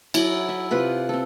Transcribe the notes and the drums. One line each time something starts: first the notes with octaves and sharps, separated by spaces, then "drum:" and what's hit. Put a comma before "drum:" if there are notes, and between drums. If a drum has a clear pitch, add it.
F#3 E4, drum: cymbal
E5
C3 F4 B4 B5
C4 A4